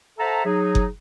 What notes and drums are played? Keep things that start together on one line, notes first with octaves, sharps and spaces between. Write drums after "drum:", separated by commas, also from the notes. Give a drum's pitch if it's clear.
A4 C5 E5 F#5 A5 A#5
F#3 D#4 G#4
drum: kick F#1